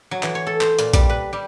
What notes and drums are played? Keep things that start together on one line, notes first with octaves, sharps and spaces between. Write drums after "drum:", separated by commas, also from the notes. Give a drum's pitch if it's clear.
F#3
E3, drum: clap
C#5
A4
C5, drum: clap
A#2, drum: hi-hat
G3, drum: kick A#1, hi-hat
B4
G3